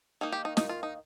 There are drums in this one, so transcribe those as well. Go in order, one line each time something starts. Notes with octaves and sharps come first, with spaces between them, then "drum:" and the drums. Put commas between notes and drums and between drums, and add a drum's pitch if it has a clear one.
D#3 A#3 D#4
G4
D#4
D#4, drum: snare
F4
D#4